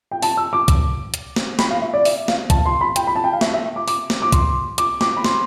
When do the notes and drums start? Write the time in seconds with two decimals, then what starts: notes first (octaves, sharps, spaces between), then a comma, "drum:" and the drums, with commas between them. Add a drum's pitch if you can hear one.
0.11 G5
0.22 A5, drum: open hi-hat
0.37 E6
0.53 D6
0.68 drum: kick, hi-hat
1.14 drum: hi-hat
1.36 drum: snare
1.59 B5, drum: snare
1.71 F5
1.82 E5
1.94 D5
2.05 E5, drum: open hi-hat
2.28 F5, drum: snare
2.50 A5, drum: kick, hi-hat
2.66 C6
2.81 B5
2.96 G5, drum: hi-hat
3.07 B5
3.16 A5
3.24 G5
3.33 F5
3.41 E5, drum: snare
3.54 E5
3.76 D6
3.88 D6, drum: open hi-hat
4.10 drum: snare
4.22 D6
4.32 C6, drum: kick, hi-hat
4.78 D6, drum: hi-hat
5.01 D6, drum: snare
5.17 B5
5.24 C6, drum: snare